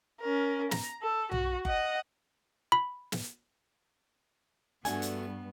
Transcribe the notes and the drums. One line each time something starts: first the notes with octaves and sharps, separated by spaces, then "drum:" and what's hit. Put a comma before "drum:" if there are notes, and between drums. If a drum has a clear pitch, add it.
C#4 A#4
A#5, drum: snare
A4
F#4, drum: tom B1
D#5 F#5, drum: kick F#1
B5
drum: snare
G2 G3 A3 B3 D4 F#4 G#5, drum: hi-hat
drum: hi-hat